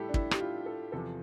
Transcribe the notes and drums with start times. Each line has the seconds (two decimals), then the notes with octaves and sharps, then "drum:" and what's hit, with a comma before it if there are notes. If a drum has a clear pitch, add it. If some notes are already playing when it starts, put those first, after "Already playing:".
Already playing: A2 G3 E4 G4 A4
0.09 D4
0.14 E4, drum: kick
0.31 G4, drum: rim click
0.40 F4
0.66 A4
0.92 E2 C3 F3 A4